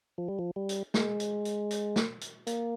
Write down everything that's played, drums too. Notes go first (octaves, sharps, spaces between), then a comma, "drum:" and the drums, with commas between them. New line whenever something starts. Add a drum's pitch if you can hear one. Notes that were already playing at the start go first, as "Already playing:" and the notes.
F3
G3
F3
G3
drum: hi-hat
G#3, drum: snare
drum: hi-hat
drum: hi-hat
drum: hi-hat
drum: snare
drum: hi-hat
A#3, drum: hi-hat